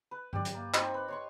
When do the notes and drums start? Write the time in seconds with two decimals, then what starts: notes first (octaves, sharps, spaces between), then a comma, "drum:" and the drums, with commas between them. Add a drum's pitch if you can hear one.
0.11 B4
0.33 G4 D5, drum: tom G2
0.45 drum: hi-hat
0.55 A#3
0.74 C4 D#4 B5 C#6, drum: clap
0.94 B4
1.08 C#5 C6 C#6